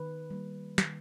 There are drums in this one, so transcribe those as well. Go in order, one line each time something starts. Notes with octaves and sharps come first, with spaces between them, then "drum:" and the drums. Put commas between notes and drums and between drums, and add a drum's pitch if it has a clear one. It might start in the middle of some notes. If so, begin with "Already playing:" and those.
Already playing: D#3 B4
G3 A#3
D#3, drum: snare